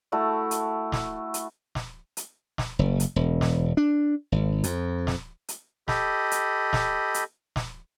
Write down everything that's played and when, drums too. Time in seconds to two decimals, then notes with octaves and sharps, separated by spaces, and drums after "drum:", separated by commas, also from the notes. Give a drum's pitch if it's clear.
0.12 A3 E4 F#4 A4
0.51 drum: hi-hat
0.92 drum: snare
1.34 drum: hi-hat
1.75 drum: snare
2.17 drum: hi-hat
2.58 drum: snare
2.79 F#1
3.00 drum: hi-hat
3.16 E1
3.41 drum: snare
3.77 D4
4.32 G#1
4.64 F2, drum: hi-hat
5.07 drum: snare
5.48 drum: hi-hat
5.88 G4 A4 D#5 B5, drum: snare
6.31 drum: hi-hat
6.73 drum: snare
7.14 drum: hi-hat
7.56 drum: snare